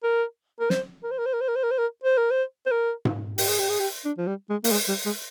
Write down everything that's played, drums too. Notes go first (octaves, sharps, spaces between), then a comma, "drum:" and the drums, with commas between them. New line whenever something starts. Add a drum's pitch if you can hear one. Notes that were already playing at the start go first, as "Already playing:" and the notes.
A#4
A#4
C5, drum: snare
A#4
C5
A#4
C5
A#4
C5
A#4
C5
A#4
C5
A#4
C5
A#4
C5
C5
A#4
drum: tom G#2
G4, drum: open hi-hat
G#4
G4
G#4
G4
D4
F3
G3
G#3
A#3, drum: open hi-hat
G#3
G3
G#3